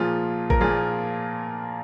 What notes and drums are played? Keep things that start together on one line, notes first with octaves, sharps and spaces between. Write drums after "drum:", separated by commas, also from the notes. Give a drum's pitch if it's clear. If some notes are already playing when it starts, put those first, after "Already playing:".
Already playing: A#2 F3 A#3 F4 G#4
A#4, drum: kick A1
A#2 F3 A#3 F4 G#4